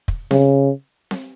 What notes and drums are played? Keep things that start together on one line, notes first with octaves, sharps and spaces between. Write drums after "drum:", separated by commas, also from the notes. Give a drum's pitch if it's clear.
drum: kick
C#3, drum: snare C4
drum: snare C4